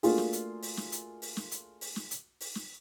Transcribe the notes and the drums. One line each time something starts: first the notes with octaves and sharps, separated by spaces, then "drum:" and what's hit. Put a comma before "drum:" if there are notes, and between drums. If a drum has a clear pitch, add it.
A3 A#3 D4 F4 F#4 G#4, drum: open hi-hat
drum: snare
drum: hi-hat
drum: open hi-hat
drum: snare
drum: hi-hat
drum: open hi-hat
drum: snare
drum: hi-hat
drum: open hi-hat
drum: snare
drum: hi-hat
drum: open hi-hat
drum: snare